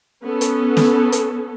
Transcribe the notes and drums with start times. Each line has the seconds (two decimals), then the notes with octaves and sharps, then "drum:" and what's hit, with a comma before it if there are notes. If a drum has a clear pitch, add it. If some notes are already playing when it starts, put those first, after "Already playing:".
0.23 B3 C#4 A4
0.41 drum: hi-hat
0.77 drum: snare
1.12 drum: hi-hat